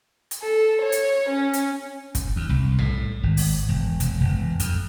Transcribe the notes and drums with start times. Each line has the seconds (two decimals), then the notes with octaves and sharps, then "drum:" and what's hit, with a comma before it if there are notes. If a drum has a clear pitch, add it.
0.31 drum: hi-hat
0.42 A4
0.82 C#5
0.92 drum: hi-hat
1.30 C#4
1.53 drum: hi-hat
2.15 drum: kick, hi-hat
2.36 D#2
2.49 C2
2.79 A2, drum: tom B1
3.23 G#1
3.37 drum: open hi-hat
3.69 E1
4.00 E1, drum: hi-hat
4.20 E1
4.60 F2, drum: hi-hat